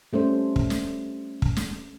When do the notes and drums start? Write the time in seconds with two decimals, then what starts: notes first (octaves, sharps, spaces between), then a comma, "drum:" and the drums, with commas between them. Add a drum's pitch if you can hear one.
0.13 G3 A3 C#4 C5
0.56 drum: kick
0.70 drum: snare
1.42 drum: kick
1.57 drum: snare